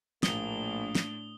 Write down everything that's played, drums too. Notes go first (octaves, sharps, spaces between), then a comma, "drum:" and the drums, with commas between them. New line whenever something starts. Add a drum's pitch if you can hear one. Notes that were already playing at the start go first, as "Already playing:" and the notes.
A#1 A2 A#3 D4 D#6 G7, drum: snare
drum: snare